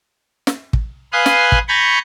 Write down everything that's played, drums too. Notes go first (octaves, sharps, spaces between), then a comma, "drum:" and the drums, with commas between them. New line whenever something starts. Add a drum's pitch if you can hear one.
drum: snare
drum: kick
B4 F5 G#5 C6 D#6 F#6
drum: snare
drum: kick
G#5 A#5 B5 C#6 G6 A6